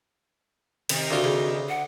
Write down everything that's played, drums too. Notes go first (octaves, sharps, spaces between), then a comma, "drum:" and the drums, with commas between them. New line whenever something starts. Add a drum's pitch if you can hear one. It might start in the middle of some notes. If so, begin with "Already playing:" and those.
C3 D#3 A#4, drum: cymbal
D2 F4 F#4
C#3
F#5